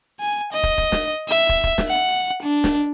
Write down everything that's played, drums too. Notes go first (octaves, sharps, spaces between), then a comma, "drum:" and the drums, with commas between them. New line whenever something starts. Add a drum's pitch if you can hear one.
G#5
D#5
drum: kick
drum: kick
drum: snare
E5
drum: kick
drum: kick
drum: snare
F#5
D4
drum: snare